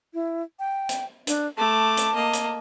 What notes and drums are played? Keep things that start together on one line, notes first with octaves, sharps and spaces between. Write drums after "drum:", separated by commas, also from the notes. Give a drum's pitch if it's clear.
E4
G5
drum: hi-hat
D4, drum: hi-hat
A3 A5 D6
drum: hi-hat
A#3 D#5
drum: hi-hat